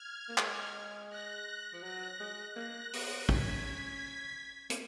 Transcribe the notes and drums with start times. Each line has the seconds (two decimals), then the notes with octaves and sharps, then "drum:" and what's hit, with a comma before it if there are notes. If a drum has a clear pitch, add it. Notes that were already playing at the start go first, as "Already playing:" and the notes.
Already playing: F6 G#6
0.29 A#3
0.38 G#3, drum: clap
1.10 F#6 A#6
1.73 F3
1.83 F#3 F#6 A#6
2.20 G#3
2.56 A#3 F#6 A#6
2.93 B3, drum: open hi-hat
3.29 C#4 G#6 B6, drum: kick
4.70 A#3, drum: hi-hat